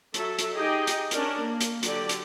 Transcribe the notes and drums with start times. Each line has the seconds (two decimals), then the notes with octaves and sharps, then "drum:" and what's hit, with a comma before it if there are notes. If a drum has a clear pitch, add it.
0.14 F#3 A4 E5, drum: hi-hat
0.39 drum: hi-hat
0.55 D#4 G4 G#4 D#5 G5
0.87 drum: hi-hat
1.11 C#4 D4 A#4, drum: hi-hat
1.41 A#3
1.61 drum: hi-hat
1.83 D3 F#3 G4 D5, drum: hi-hat
2.09 drum: hi-hat